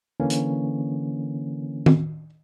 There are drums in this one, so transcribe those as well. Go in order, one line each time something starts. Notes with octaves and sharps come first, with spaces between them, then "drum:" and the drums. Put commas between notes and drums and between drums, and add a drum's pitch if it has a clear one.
D3 E3 A#3 C#4
drum: hi-hat
drum: tom D#3